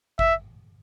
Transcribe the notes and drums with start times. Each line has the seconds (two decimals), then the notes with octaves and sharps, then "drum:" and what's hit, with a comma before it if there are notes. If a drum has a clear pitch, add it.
0.19 E5, drum: kick G#1